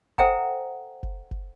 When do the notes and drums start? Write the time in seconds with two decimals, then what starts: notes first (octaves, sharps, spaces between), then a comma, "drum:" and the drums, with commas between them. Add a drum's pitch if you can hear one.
0.18 A4 C5 E5 F#5 G5 A#5, drum: kick F#1
1.03 drum: kick F#1
1.31 drum: kick F#1